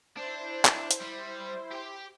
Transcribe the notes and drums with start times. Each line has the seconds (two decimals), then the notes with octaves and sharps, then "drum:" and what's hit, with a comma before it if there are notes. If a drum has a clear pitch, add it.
0.17 D4 E4 C5
0.65 drum: clap
0.91 drum: hi-hat
1.01 G3
1.71 G4 G5